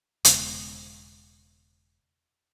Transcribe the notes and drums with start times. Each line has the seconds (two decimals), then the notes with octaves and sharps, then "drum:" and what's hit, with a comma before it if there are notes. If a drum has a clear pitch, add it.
0.25 E1 C#3 G#3 B3, drum: hi-hat